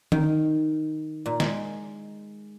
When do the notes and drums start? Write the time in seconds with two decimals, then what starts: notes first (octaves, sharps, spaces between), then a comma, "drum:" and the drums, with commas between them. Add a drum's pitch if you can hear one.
0.12 D#3, drum: tom D#3
1.26 A#2
1.40 G#3, drum: snare